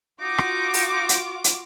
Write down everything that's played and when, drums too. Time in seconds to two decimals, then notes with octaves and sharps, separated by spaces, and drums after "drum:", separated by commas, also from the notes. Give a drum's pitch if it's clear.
0.21 D#4 F4 F#4 D6
0.38 drum: rim click
0.74 drum: open hi-hat
1.09 drum: hi-hat
1.44 drum: hi-hat